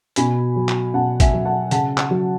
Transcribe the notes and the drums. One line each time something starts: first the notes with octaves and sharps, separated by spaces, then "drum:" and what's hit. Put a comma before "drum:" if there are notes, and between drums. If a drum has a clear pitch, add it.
B2 G#5 B5, drum: hi-hat
F#3
drum: clap
B2 F#5 A5
E5 G#5, drum: kick, hi-hat
F#3
F#5 A5
C#3 F#5 A5, drum: hi-hat
drum: clap
F#3